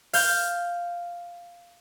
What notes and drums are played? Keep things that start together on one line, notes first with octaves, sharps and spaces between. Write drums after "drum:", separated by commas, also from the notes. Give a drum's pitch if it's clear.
F5 G6, drum: open hi-hat